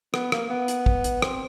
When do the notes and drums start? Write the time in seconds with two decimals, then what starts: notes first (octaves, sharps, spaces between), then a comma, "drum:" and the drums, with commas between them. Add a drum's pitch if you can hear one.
0.14 B3, drum: rim click
0.32 A#3, drum: rim click
0.50 B3
0.68 drum: hi-hat
0.86 drum: kick
1.04 drum: hi-hat
1.22 C4, drum: rim click